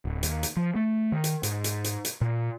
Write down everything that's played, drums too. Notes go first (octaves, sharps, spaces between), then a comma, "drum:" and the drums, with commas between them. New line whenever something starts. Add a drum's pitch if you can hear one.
D1
D#2, drum: hi-hat
drum: hi-hat
F3
A3
D#3
drum: hi-hat
G#2, drum: hi-hat
drum: hi-hat
drum: hi-hat
drum: hi-hat
A#2